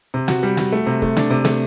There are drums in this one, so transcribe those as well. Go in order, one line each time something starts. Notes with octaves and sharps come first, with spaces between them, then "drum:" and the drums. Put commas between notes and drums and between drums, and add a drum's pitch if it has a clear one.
C3
F#4, drum: snare
G3
F#4, drum: snare
A3
C3
A3, drum: kick
D4, drum: snare
C3
A3, drum: snare